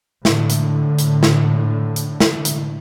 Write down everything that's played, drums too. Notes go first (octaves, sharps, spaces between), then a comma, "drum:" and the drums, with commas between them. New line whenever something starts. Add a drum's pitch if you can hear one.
A2 D3, drum: snare
drum: hi-hat
drum: hi-hat
drum: snare
drum: hi-hat
drum: snare
drum: hi-hat